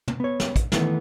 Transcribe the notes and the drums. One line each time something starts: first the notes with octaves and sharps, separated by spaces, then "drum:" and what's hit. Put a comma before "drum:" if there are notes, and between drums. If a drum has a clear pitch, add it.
drum: tom
B3 C#5
drum: snare
drum: kick, hi-hat
D#3 E3 A3 B3, drum: snare